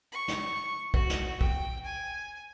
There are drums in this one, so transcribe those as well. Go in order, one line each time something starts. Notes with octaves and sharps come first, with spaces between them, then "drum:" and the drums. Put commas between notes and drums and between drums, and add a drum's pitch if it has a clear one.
C#6
drum: snare
F#4, drum: kick
drum: snare
G5, drum: kick
G#5